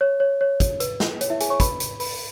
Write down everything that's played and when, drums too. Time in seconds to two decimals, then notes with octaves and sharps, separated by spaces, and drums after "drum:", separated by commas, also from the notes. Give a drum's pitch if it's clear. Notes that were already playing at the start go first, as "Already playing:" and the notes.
0.01 C#5
0.20 C#5
0.41 C#5
0.60 drum: kick, hi-hat
0.80 B4, drum: hi-hat
1.00 drum: snare
1.21 C#5, drum: hi-hat
1.30 E4 E5
1.40 G#4 G#5, drum: hi-hat
1.50 C#5 C#6
1.60 B4 B5, drum: kick, hi-hat
1.80 drum: hi-hat
2.00 B4 B5, drum: open hi-hat